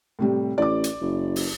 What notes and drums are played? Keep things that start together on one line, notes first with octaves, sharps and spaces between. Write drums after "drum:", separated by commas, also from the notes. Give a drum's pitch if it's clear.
A2 C3 G3
A1 D5 D6
drum: hi-hat
F#1
drum: open hi-hat